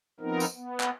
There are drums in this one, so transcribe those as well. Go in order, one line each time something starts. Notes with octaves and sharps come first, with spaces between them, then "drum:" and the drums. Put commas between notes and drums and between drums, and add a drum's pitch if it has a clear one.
F3 B3 C4 D#4 A#4
drum: tambourine
B3
drum: clap